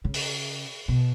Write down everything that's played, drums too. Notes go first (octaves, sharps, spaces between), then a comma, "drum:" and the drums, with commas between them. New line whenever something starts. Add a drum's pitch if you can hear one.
C#3
drum: open hi-hat
B2